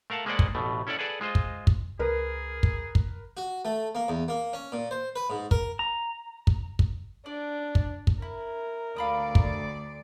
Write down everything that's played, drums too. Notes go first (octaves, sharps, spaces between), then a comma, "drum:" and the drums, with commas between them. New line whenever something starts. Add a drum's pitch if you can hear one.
A3 A#4 F5 F#5 A5
G#3 A#3 B4 C5 D5 F#5
drum: kick
A1 B2 A3
C#4 E4 A4 C#5 D5 F#5
G#4 A4 B4 D5 F#5
G#3 F4 C5 D#5
drum: kick
drum: kick
C#2 G#4 A#4 B4
drum: kick
drum: kick
F#4
A3
A#3
E2
A#3
C#4
A#2
C5
B4
G#2
A#4, drum: kick
A#5
drum: kick
drum: kick
D4 D5
drum: kick
drum: kick
E4 A#4
D2 D5 F5 B5 D#6
drum: kick